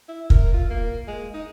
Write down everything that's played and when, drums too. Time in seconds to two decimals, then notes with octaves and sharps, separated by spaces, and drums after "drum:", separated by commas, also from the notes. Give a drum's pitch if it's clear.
0.09 E4
0.30 A#4, drum: kick
0.53 F4
0.70 A#3
1.07 G#3
1.34 D#4